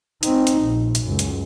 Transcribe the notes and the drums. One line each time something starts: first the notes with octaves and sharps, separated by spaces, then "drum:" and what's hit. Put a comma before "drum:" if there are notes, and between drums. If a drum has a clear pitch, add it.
C4 D#4, drum: hi-hat
drum: hi-hat
A#1
drum: hi-hat
C#2 F#2
drum: hi-hat